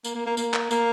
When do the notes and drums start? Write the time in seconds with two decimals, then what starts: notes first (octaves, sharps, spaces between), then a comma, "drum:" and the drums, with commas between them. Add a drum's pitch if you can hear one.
0.04 A#3, drum: tambourine
0.15 A#3
0.26 A#3
0.37 A#3, drum: tambourine
0.54 drum: clap
0.71 A#3, drum: tambourine